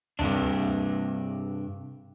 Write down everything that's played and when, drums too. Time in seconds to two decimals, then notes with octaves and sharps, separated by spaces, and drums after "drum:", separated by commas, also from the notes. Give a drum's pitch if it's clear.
0.19 G2 C3 D4, drum: tom D2